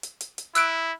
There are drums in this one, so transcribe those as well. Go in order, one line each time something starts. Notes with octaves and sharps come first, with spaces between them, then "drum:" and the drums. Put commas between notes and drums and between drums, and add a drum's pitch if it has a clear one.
drum: hi-hat
drum: hi-hat
drum: hi-hat
E4 E6 F#6 D7, drum: hi-hat